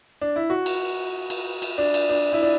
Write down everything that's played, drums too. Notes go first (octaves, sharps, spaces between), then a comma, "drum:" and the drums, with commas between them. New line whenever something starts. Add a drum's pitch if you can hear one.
D4
E4
F#4
drum: cymbal
drum: cymbal
drum: cymbal
D4
drum: cymbal
D4
E4
D4